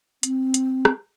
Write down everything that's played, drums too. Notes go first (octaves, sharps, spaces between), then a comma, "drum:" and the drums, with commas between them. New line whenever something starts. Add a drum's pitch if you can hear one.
C4, drum: hi-hat
drum: hi-hat
drum: rim click